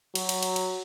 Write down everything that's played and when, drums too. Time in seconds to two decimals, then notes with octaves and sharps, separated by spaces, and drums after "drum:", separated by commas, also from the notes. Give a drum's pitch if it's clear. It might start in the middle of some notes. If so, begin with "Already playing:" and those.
0.15 F#3, drum: cymbal
0.29 drum: cymbal
0.43 drum: cymbal
0.56 drum: cymbal